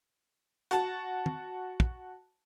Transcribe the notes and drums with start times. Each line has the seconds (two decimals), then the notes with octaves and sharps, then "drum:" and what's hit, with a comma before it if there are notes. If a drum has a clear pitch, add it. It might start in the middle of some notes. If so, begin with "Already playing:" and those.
0.71 F#4 A5, drum: hi-hat
1.26 drum: tom
1.80 drum: kick